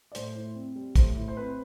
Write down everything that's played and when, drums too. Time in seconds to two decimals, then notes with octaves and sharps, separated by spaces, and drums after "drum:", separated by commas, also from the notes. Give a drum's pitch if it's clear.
0.12 D5
0.15 A2 C5, drum: hi-hat
0.35 E4
0.55 C4
0.76 G3
0.96 A2 C5, drum: kick, hi-hat
1.17 E4
1.28 C5
1.37 C4 B4